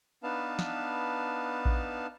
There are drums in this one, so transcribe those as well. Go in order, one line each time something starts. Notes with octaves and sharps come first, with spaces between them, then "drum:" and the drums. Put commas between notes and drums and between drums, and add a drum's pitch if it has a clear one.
B3 D4 D#4 B4 F5 A5
drum: snare
drum: kick A#1